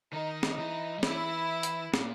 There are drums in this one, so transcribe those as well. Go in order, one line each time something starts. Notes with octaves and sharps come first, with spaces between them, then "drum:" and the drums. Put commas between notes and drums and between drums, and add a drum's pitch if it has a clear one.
D#3 D#4
drum: snare
E3
G3
E3 E4, drum: snare
drum: hi-hat
A#2, drum: snare